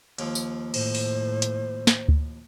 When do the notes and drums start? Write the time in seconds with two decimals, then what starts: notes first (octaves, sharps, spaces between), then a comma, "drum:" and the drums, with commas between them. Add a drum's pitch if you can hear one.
0.19 D#2 F3, drum: cymbal
0.35 drum: tambourine
0.74 A2 C5, drum: cymbal
0.95 drum: open hi-hat
1.42 drum: hi-hat
1.87 drum: snare
2.09 drum: kick D2